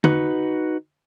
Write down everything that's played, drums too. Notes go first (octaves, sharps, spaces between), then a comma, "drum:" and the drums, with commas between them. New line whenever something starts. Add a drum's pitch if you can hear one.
D#4 F#4 B4, drum: tom D3